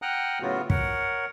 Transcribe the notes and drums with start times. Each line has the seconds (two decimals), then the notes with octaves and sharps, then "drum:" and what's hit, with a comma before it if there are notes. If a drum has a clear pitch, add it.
0.02 F#5 G5 A#5 D#6 F6 F#6
0.42 A2 C#3 F#3 B3 F4 F#4
0.70 A#4 C#5 F#5, drum: kick